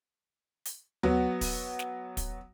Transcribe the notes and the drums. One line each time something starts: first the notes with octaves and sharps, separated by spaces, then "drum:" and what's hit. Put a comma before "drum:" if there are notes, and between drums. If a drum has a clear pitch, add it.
drum: hi-hat
F#3 B3 F#4, drum: tom D2
drum: kick, open hi-hat
drum: snare
drum: kick, hi-hat